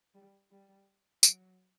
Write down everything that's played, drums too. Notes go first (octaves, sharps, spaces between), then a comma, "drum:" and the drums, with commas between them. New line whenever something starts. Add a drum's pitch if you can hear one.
G3
G3
F#3, drum: tambourine